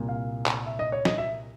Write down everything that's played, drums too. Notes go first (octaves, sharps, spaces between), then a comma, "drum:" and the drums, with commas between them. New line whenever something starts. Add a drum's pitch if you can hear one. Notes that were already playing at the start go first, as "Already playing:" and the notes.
Already playing: C2 A#2
F5
drum: clap
E5
D#5
C#5
D#5, drum: snare
E5